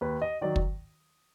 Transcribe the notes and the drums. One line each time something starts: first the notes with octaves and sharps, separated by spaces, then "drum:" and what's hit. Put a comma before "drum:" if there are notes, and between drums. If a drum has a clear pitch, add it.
D#2 B4
D#5
D#3 F#3 D5
drum: kick